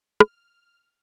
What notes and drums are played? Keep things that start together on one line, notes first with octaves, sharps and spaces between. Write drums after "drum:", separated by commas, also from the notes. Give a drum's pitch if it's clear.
F6, drum: rim click